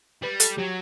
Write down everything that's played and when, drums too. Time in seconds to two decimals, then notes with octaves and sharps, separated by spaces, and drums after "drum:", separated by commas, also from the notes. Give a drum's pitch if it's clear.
0.22 G3 B4
0.40 A4, drum: hi-hat
0.57 F#3 G4